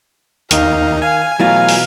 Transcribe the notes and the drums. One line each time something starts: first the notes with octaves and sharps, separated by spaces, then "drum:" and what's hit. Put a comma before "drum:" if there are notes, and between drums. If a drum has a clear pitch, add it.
D#2 D#3 D#4 F5, drum: hi-hat
F5 G#5
B2 E3 F#3 A3 F4 F5 A#5
drum: open hi-hat